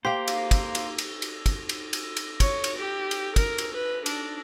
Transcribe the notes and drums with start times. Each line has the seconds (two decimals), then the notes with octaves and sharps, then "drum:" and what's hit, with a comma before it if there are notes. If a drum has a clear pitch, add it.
0.05 A#3 G4 C5 F5 G5
0.28 drum: cymbal
0.51 drum: kick, cymbal
0.75 drum: cymbal
0.98 drum: cymbal
1.22 drum: cymbal
1.46 drum: kick, cymbal
1.69 drum: cymbal
1.93 drum: cymbal
2.17 drum: cymbal
2.40 C#5, drum: kick, cymbal
2.64 drum: cymbal
2.79 G4
3.11 drum: cymbal
3.36 A#4, drum: kick, cymbal
3.58 drum: cymbal
3.74 B4
4.06 D4, drum: cymbal